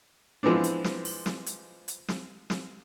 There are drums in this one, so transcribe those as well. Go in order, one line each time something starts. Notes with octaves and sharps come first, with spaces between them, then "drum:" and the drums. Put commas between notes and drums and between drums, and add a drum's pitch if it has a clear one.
E3 F3 G#3 B3 C4 D4
drum: hi-hat
drum: snare
drum: open hi-hat
drum: snare
drum: hi-hat
drum: hi-hat
drum: snare
drum: snare